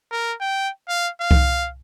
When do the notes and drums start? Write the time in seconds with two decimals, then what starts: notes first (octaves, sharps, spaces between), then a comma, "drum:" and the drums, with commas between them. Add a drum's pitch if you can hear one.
0.12 A#4
0.41 G5
0.88 F5
1.21 F5
1.31 drum: kick C2